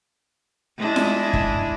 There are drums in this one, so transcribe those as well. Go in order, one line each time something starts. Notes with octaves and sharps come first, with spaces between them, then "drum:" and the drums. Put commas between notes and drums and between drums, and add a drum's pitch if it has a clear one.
G#3 D4 E4
drum: snare F4
drum: kick